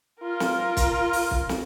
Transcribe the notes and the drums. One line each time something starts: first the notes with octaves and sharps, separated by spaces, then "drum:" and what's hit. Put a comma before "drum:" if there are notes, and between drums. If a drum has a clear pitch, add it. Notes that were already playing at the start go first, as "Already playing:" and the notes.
F4 A#4
drum: snare
drum: kick, hi-hat
drum: open hi-hat
drum: kick
drum: snare